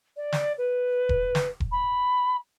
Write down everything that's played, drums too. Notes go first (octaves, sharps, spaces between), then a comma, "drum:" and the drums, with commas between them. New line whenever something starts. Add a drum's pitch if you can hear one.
D5
drum: snare
B4
drum: kick E1
drum: snare
drum: kick E1
B5